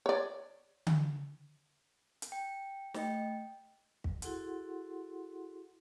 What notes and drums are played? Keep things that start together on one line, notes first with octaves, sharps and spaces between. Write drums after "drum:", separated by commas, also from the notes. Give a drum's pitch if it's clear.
C#5 D5
drum: tom D3
drum: hi-hat
G5
A3 D#5 G5, drum: snare
drum: kick
E4 F#4 G#4 A4 F#5 C6, drum: hi-hat